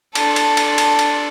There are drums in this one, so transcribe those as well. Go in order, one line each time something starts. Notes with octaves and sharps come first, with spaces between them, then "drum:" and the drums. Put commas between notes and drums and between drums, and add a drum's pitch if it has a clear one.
D4 A4, drum: cymbal
drum: cymbal
drum: cymbal
drum: cymbal
drum: cymbal